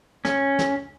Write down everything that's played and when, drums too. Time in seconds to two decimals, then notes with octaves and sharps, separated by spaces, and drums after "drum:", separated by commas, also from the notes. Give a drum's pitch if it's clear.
0.25 C#4, drum: snare
0.59 drum: snare